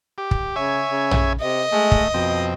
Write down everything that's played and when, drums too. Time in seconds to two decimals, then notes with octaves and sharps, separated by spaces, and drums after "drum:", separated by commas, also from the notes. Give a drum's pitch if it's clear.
0.18 G4
0.31 drum: kick
0.56 C#3 C#5 E5 G#5
0.91 C#3
1.11 drum: tom A#1
1.41 C3 D#5
1.73 G#3 A3
1.92 drum: kick
2.14 F2 B2 C4